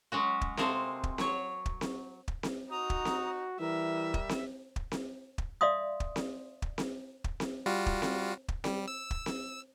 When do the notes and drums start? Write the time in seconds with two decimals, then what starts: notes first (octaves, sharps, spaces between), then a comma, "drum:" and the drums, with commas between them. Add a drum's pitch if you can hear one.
0.12 F#3 G#3 C#4 F#4
0.41 drum: kick
0.57 C3 G#3 A#3 C4 A4 C5, drum: snare C4
1.04 drum: kick
1.18 F#3 C#5, drum: snare C4
1.66 drum: kick
1.81 drum: snare C4
2.28 drum: kick
2.43 drum: snare C4
2.71 D#4 F#4 A#5 D#6
2.90 drum: kick
3.05 drum: snare C4
3.60 E3 G3 A#4 E5
4.14 drum: kick
4.29 drum: snare C4
4.76 drum: kick
4.92 drum: snare C4
5.38 drum: kick
5.61 D5 E5 F5 C6 D#6
6.00 drum: kick
6.16 drum: snare C4
6.62 drum: kick
6.78 drum: snare C4
7.24 drum: kick
7.40 drum: snare C4
7.66 G3 F4 F#4
7.86 drum: kick
8.02 drum: snare C4
8.48 drum: kick
8.64 G3, drum: snare C4
8.88 E6
9.11 drum: kick
9.26 drum: snare C4